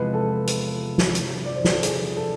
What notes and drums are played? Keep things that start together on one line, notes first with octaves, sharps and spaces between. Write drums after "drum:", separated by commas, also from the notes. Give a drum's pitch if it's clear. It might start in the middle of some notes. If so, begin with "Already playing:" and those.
Already playing: E2 C3 F3 G#3 B3 B4
A4
drum: hi-hat
drum: snare
drum: hi-hat
D5
C5
B4, drum: snare
A4
G#4, drum: hi-hat
A4